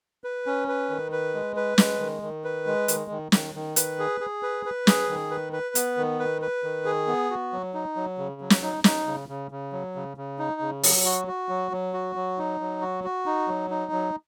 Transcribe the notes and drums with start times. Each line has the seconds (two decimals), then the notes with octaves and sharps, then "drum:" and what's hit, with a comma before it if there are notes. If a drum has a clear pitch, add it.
0.24 B4
0.46 C#4
0.68 B4
0.90 D#3
1.12 B4
1.35 G#3
1.56 B4
1.78 G#3, drum: snare
2.00 D#3
2.22 D#3
2.44 B4
2.67 G#3
2.88 D#3, drum: hi-hat
3.11 D#3
3.32 D#3, drum: snare
3.55 D#3
3.76 B4, drum: hi-hat
3.99 G#4
4.21 G#4
4.43 B4
4.66 B4
4.87 G#4, drum: snare
5.09 D#3
5.31 B4
5.53 B4
5.75 B3, drum: hi-hat
5.97 D#3
6.19 B4
6.42 B4
6.64 D#3
6.85 G#4
7.07 B3
7.31 F#4
7.53 F#3
7.74 D#4
7.96 F#3
8.18 C#3
8.41 F#3
8.50 drum: snare
8.62 D#4
8.84 D#4, drum: snare
9.06 C#3
9.29 C#3
9.51 C#3
9.72 F#3
9.95 C#3
10.17 C#3
10.39 D#4
10.61 C#3
10.83 F#3, drum: open hi-hat
11.05 F#4
11.27 F#4
11.49 F#3
11.72 F#3
11.93 F#4
12.16 F#3
12.38 D#4
12.60 F#3
12.81 F#4
13.04 F#4
13.26 D#4
13.48 F#3
13.70 D#4
13.92 F#3